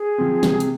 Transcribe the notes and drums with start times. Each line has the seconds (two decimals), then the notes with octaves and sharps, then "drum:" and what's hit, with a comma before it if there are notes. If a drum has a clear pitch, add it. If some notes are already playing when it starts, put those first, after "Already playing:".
Already playing: G#4
0.18 F3 C4
0.43 C3, drum: snare
0.60 drum: hi-hat